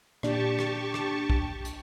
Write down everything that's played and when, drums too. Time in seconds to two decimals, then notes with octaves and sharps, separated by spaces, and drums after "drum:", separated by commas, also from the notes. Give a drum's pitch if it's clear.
0.23 A#2 D4 G4 A5 C#6, drum: rim click
0.59 drum: rim click
0.94 drum: rim click
1.30 drum: kick A#1
1.65 drum: hi-hat